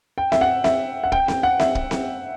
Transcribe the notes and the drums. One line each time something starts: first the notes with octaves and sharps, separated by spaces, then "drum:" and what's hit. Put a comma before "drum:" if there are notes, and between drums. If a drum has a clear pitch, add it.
G5
E5, drum: snare C4
F#5
E5, drum: snare C4
F#5
G5, drum: kick
G5, drum: snare C4
F#5
E5, drum: snare C4
drum: kick
drum: snare C4